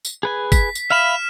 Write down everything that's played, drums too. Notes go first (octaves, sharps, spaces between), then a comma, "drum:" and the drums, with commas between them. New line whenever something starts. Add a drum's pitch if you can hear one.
drum: tambourine
G#4 B4 G#5
B6, drum: kick, tambourine
drum: tambourine
E5 F5 B5 F6 E7